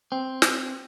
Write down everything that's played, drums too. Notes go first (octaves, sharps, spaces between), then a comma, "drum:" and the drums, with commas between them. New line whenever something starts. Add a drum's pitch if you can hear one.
C4
drum: snare